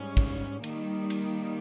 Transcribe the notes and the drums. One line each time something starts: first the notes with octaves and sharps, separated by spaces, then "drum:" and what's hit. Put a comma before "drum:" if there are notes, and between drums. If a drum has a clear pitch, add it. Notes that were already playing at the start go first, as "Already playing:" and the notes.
Already playing: G#2 G3 C#4
drum: kick
D#3 G3 A#3, drum: cymbal
drum: cymbal